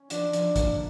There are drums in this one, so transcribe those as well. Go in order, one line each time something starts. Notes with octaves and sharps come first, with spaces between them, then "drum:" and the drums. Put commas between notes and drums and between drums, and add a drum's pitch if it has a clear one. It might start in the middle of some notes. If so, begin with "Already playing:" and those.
Already playing: C#4
F3 D4, drum: hi-hat
F3, drum: hi-hat
A#3, drum: kick, hi-hat